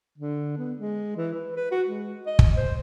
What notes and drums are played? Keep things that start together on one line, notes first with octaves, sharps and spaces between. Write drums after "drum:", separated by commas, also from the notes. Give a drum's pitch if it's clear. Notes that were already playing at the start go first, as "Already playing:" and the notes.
D3
B3
G#3
E3
B4
B4
F#4
G#3
D#5
drum: kick
C5